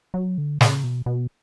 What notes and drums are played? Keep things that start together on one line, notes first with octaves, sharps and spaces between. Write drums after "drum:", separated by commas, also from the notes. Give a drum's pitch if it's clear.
F#3
D3
C#3, drum: snare
B2
B2